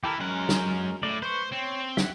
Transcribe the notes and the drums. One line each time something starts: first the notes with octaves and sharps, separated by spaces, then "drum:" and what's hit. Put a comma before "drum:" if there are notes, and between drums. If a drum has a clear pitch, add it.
E3 E4 G4 A4 A#4
F#2 G#3 C#4 A#4 F#5
drum: snare
A2 D5
B4 C5 C#6
C4 C#5
E5 F#5, drum: snare